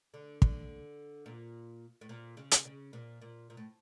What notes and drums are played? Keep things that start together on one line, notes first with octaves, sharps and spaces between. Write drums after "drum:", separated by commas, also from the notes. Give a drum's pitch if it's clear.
D3
D3, drum: kick
A#2
A2
A#2
C#3
drum: hi-hat
C#3
A#2
A#2
A#2
A2